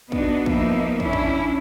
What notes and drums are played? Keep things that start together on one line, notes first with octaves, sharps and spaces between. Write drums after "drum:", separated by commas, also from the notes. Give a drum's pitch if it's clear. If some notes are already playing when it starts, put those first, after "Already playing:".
B3 D4 D#4 F#4, drum: kick
F3 A#3 B3 D#4 E5, drum: kick
C#4 D4 E4, drum: kick
drum: kick